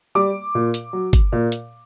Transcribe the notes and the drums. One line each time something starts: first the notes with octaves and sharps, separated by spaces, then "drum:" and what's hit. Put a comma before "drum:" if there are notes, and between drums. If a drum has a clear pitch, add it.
G3 D6
A#2
drum: hi-hat
F#3
drum: kick G1, hi-hat
A#2
drum: hi-hat